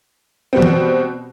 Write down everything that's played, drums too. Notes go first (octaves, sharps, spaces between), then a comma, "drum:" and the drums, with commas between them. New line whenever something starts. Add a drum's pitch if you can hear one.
B2 G3 B3 C4
drum: tom E3